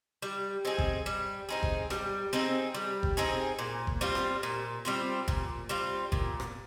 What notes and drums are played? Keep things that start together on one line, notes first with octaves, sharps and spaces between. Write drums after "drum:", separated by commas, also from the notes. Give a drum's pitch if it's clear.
G3
C4 D#4 G#4
drum: kick G1
G3
C4 D#4 G#4
drum: kick G1
G3, drum: rim click
C4 D#4 G#4
G3
drum: kick G1
C4 D#4 G#4
A#2
drum: kick G1
G3 C4 F4
drum: rim click
A#2
G3 C4 F4
A#2, drum: kick G1
G3 C4 F4
A#2, drum: kick G1
drum: rim click